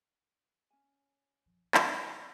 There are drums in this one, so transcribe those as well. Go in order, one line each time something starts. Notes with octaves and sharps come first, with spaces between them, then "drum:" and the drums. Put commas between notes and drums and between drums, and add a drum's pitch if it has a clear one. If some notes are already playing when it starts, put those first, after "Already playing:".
C#4 G#5
F#2 F3
drum: clap
G3 E4